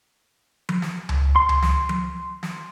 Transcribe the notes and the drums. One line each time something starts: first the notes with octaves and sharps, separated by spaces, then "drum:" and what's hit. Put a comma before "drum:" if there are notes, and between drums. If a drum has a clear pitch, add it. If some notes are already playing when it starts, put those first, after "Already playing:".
drum: tom F3
drum: snare
drum: tom C#2
C6
drum: tom C#2
drum: snare
drum: tom F3
drum: snare